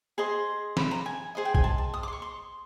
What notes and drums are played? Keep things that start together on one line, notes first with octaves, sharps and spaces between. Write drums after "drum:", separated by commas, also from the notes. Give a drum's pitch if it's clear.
G#4 C5 D#5 C6
B5, drum: snare
A#5
G#5
G#4 C5 D#5
G5
G#5, drum: kick A#1
A5
A5
D#6
D6
C6
C#6
C6